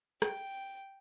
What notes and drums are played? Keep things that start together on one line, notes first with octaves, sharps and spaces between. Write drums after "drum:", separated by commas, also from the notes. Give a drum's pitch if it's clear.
G5, drum: rim click